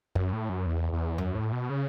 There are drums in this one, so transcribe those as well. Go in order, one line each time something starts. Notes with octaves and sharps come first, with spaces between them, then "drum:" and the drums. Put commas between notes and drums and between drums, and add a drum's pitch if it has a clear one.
F#2, drum: kick G1
A2
F#2
E2
E2
F#2, drum: tom E2
A2
B2
C#3